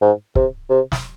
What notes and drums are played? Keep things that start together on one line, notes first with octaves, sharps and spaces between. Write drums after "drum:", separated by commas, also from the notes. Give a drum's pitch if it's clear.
G#2
C3, drum: kick
C3
drum: snare